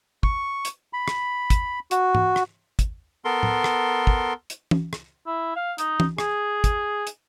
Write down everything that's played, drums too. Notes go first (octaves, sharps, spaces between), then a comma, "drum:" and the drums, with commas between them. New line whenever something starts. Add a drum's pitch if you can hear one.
C#6, drum: kick
drum: hi-hat
B5
drum: rim click
drum: kick, hi-hat
F#4, drum: hi-hat
drum: tom G#2
drum: rim click
drum: kick, hi-hat
B3 A4 A#4 C6
drum: tom
drum: rim click
drum: kick
drum: hi-hat
drum: tom
drum: rim click
E4
F5
D#4, drum: hi-hat
drum: tom
G#4, drum: rim click
drum: kick, hi-hat
drum: hi-hat